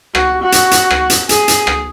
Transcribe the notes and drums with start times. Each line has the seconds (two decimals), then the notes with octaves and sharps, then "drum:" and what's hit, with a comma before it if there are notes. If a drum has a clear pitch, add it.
0.15 F#4, drum: rim click
0.42 F#4
0.52 drum: hi-hat
0.71 drum: hi-hat
0.90 drum: rim click
1.10 drum: hi-hat
1.29 G#4, drum: hi-hat
1.48 drum: hi-hat
1.67 drum: rim click